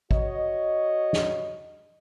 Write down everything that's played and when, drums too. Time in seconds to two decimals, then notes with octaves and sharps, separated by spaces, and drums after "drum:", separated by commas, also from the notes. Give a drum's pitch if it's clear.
0.11 F#4 C#5 D#5, drum: kick
1.13 drum: snare